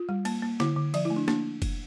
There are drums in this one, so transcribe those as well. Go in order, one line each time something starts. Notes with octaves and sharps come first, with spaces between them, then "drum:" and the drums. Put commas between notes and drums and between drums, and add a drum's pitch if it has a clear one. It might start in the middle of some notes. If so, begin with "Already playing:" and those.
Already playing: F4
G3
A#3, drum: cymbal
A#3
D3 E4, drum: snare
D3
F3 D5, drum: cymbal
E4
A3
D4
A#3 D4, drum: snare
drum: kick, cymbal